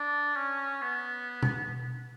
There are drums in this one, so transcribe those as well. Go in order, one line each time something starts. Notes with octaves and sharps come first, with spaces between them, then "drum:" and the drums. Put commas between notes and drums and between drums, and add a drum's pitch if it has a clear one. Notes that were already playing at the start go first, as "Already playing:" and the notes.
Already playing: D4
C#4
B3
drum: tom B2